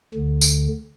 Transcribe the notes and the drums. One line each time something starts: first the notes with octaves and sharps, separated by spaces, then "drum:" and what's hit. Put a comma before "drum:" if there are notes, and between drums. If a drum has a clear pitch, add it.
D2 D3
drum: tambourine